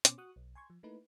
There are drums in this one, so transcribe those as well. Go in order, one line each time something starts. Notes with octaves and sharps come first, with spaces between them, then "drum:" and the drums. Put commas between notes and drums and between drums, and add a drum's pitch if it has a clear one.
B2 B3 C#4 C5 D6, drum: hi-hat
F#4 C#6 D#6 F#6
B1
G#5 C6 C#6 G#6
F3
A3 A#3 D#4 E4 B4